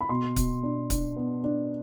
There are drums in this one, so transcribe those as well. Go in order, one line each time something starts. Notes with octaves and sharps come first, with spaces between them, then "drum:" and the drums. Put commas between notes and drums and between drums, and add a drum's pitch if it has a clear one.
B5
B2 C6
B2, drum: kick C#1, hi-hat
D4
D4, drum: kick C#1, hi-hat
B3
D4